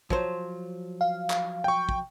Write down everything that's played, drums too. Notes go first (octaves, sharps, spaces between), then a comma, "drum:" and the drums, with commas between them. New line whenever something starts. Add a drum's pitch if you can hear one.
F3 F#3 C5, drum: kick
F5
drum: clap
G5 C#6
drum: kick